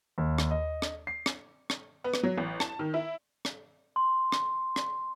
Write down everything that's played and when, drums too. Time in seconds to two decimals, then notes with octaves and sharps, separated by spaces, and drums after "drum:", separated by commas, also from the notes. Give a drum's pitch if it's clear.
0.18 D#2
0.38 drum: rim click
0.51 D#5
0.82 drum: rim click
1.07 C7
1.26 drum: rim click
1.70 drum: rim click
2.04 B3
2.14 drum: rim click
2.23 F#3
2.38 A1
2.60 A5, drum: rim click
2.79 D#3
2.94 E4
3.45 drum: rim click
3.96 C6
4.32 drum: rim click
4.76 drum: rim click